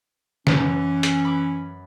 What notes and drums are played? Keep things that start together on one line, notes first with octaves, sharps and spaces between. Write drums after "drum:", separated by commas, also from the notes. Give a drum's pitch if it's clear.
F#2 E3 C#4 A#6, drum: snare
drum: hi-hat
B5 D6